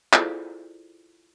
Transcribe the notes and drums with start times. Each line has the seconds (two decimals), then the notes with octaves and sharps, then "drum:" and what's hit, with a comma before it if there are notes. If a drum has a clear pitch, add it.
0.13 E4 F4 G#4 A4 C5 D5, drum: clap